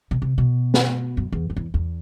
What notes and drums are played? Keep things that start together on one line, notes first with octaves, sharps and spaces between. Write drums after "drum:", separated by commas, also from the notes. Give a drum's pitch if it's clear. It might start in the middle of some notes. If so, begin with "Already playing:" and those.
B2
C3
B2
drum: snare
F#2
E2
F#2
E2
E2